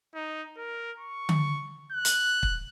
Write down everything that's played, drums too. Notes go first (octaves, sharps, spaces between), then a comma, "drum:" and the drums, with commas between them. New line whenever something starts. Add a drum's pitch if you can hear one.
D#4
A#4
C#6
drum: tom D3
F#6
drum: hi-hat
drum: kick